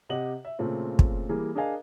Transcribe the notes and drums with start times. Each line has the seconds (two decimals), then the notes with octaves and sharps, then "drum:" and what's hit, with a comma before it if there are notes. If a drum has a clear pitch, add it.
0.09 C3 G4 D#5 F#5 F#7
0.45 E5
0.59 A#2 C#3 A3 C4 F4
0.99 drum: kick
1.29 E3 G3 A#3 G#4
1.55 D4 G#4 A#4 D#5 F5 G#5